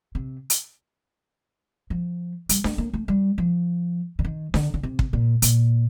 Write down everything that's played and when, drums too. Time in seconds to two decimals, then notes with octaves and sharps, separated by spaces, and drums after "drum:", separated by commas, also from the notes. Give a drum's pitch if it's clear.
0.15 C3
0.50 drum: hi-hat
1.90 F3
2.49 G3, drum: hi-hat
2.64 A3, drum: snare D4
2.78 A#3
2.93 A3
3.08 G3
3.38 F3
4.19 D3
4.25 D#3
4.54 D3, drum: snare D4
4.74 D3
4.83 C3
4.99 drum: kick
5.13 A#2
5.42 A#2, drum: hi-hat